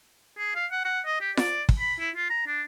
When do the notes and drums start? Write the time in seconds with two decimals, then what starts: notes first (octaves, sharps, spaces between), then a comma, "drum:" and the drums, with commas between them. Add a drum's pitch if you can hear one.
0.38 G#4
0.56 F5
0.71 F#5
0.85 F#5
1.05 D#5
1.21 G4
1.37 D5, drum: snare F4
1.69 drum: kick
1.80 B5
2.00 E4
2.16 F4
2.30 A#5
2.47 D4